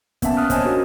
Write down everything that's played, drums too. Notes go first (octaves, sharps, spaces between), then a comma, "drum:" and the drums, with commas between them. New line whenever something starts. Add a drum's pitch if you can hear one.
A#3 B3 C#4 E5 A5, drum: kick, hi-hat
D#6 F6 F#6
C5 C#5 D#5 G#5 A5 D#6, drum: kick, hi-hat
C#4 D4 F#4 A#4